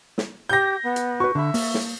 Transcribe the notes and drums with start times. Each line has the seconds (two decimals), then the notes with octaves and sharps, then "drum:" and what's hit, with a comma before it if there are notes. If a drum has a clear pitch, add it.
0.18 drum: snare
0.49 G4 G6 A#6
0.83 B3
0.96 drum: hi-hat
1.20 F#4 B4 C#6
1.35 D3 E5 B5
1.54 A#3, drum: open hi-hat
1.74 drum: snare